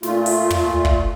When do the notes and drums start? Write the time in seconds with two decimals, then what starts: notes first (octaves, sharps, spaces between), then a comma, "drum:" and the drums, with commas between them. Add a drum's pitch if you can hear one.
0.03 A#2 A3 F4, drum: snare
0.26 drum: open hi-hat
0.50 drum: tom
0.85 drum: kick